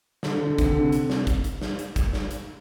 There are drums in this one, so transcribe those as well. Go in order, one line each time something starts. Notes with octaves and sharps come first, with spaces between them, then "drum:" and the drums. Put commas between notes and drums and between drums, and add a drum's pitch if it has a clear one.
D3, drum: snare
D3
D3
C3, drum: kick, hi-hat
D3
C3
drum: hi-hat
drum: snare
drum: kick, hi-hat
drum: hi-hat
drum: snare
drum: hi-hat
drum: kick, hi-hat
drum: snare
drum: hi-hat